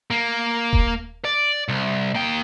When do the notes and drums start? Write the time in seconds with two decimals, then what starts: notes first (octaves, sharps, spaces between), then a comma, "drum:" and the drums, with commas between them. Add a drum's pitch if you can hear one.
0.11 A#3
0.73 drum: kick D#1
1.25 D5
1.69 C2
2.15 A#3 G5